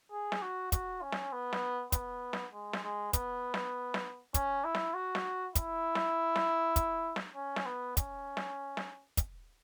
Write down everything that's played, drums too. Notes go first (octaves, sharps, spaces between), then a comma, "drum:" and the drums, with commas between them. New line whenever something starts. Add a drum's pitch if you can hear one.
G#4
drum: snare
F#4
F#4, drum: kick, hi-hat
C#4
drum: snare
B3
drum: snare
B3, drum: kick, hi-hat
drum: snare
G#3
drum: snare
G#3
B3, drum: kick, hi-hat
drum: snare
drum: snare
C#4, drum: kick, hi-hat
E4
drum: snare
F#4
drum: snare
E4, drum: kick, hi-hat
drum: snare
drum: snare
drum: kick, hi-hat
drum: snare
C#4
drum: snare
B3
C#4, drum: kick, hi-hat
drum: snare
drum: snare
drum: kick, hi-hat